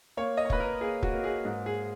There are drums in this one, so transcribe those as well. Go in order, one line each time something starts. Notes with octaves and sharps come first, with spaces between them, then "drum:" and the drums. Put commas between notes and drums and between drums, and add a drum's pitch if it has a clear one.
A#3 C#5
D#5
C#5
A#3 B4, drum: kick
A#4
A#3 G#4
F#4, drum: kick
A#3
G#4
G#2
G#4